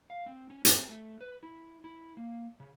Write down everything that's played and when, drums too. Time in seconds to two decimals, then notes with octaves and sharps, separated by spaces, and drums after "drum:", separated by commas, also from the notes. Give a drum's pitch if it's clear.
0.10 F5
0.26 C4
0.50 C#4
0.65 C4, drum: hi-hat
0.89 A3
1.21 B4
1.43 E4
1.84 E4
2.17 A#3
2.60 C#3